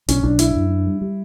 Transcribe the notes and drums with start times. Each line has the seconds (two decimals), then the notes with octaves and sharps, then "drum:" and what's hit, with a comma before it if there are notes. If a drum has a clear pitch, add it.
0.08 B1 C#4, drum: hi-hat
0.23 B1 D4
0.39 D4 E4, drum: hi-hat
0.56 F#2
0.70 D4
0.86 G3
1.01 G3